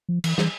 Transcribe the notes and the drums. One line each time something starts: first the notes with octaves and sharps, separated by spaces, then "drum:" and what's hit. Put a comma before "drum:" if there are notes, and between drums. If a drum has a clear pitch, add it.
F3
E3, drum: cymbal
E3, drum: snare